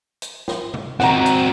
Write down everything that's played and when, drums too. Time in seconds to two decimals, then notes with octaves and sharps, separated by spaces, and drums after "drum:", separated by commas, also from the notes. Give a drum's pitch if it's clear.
0.22 drum: hi-hat
0.48 drum: snare
0.74 drum: tom C3
1.00 C4 F#4 F#5 A#5, drum: snare
1.26 drum: hi-hat